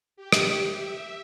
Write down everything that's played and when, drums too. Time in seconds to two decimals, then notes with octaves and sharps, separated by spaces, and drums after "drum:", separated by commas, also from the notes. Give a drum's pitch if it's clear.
0.16 G4
0.32 drum: rim click
0.74 E5